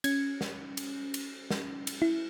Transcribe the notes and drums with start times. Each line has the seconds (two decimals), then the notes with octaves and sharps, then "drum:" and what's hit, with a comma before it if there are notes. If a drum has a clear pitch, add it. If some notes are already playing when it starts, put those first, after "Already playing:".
0.04 C#4 G#6, drum: cymbal
0.41 drum: snare
0.77 drum: cymbal
1.14 drum: cymbal
1.50 drum: snare
1.87 drum: cymbal
2.02 E4